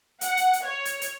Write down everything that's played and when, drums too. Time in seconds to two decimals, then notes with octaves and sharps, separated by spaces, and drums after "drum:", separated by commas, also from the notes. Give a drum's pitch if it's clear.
0.21 F#5, drum: hi-hat
0.37 drum: hi-hat
0.53 drum: hi-hat
0.64 C#5
0.85 drum: hi-hat
1.01 drum: hi-hat